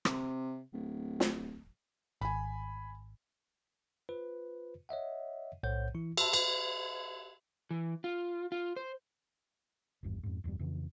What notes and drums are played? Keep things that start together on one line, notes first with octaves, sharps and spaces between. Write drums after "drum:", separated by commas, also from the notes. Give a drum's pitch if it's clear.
C3, drum: rim click
D1
drum: snare
G#1 G#5 B5
F4 B4 C5
C#5 D#5 E5 F#5
B1 A2 C5 C#5 F#5 G6
E3 E4
E5 A5 B5 C6 E6, drum: cymbal
drum: cymbal
E3
F4
F4
C5
G#1 E2 G2
F2 G#2
D1 E2 G2 G3
F2 C#3 E3